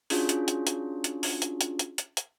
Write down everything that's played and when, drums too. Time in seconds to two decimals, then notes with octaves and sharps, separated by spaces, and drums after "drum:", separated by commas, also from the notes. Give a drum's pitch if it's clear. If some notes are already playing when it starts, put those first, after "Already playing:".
0.10 C#4 D4 F4 F#4 G#4, drum: open hi-hat
0.29 drum: hi-hat
0.48 drum: hi-hat
0.67 drum: hi-hat
1.04 drum: hi-hat
1.23 drum: open hi-hat
1.42 drum: hi-hat
1.61 drum: hi-hat
1.79 drum: hi-hat
1.98 drum: hi-hat
2.17 drum: hi-hat